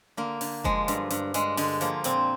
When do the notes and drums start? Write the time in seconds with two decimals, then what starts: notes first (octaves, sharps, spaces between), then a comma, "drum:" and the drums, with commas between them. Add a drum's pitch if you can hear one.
0.17 D3 A#3
0.41 D3, drum: open hi-hat
0.64 F3 G#3, drum: kick F1
0.88 G2, drum: hi-hat
1.10 G2, drum: hi-hat
1.34 G2 G#3, drum: hi-hat
1.57 D3 G#3, drum: open hi-hat
1.81 F3 A#3, drum: hi-hat
2.04 A#2 C4, drum: hi-hat